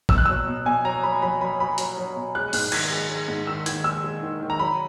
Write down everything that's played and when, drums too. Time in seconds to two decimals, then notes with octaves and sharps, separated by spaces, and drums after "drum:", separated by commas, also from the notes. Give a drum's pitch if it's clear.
0.09 B2 E6, drum: kick
0.18 F#6
0.26 F#3 E6
0.47 B2
0.65 B2 G#5
0.85 F#3 A#5
1.03 F#3 B5
1.22 F#3 B5
1.40 F#3 B5
1.60 F#3 B5
1.78 F#3, drum: hi-hat
1.97 F#3
2.15 B2
2.35 G#3 F#6
2.53 G#2 F#6, drum: open hi-hat
2.72 D#3 G#6, drum: cymbal
2.91 G#3
3.10 G#3
3.28 G#2
3.47 D#3 E6
3.66 D#3 G#6, drum: hi-hat
3.84 G#3 E6
4.04 G#3
4.23 D#3
4.41 D#3
4.50 A#5
4.59 F#3 B5